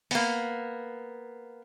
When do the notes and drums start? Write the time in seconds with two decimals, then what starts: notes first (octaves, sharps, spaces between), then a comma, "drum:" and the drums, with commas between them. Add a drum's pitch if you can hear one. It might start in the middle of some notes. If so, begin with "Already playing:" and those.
0.11 A#3 B3, drum: open hi-hat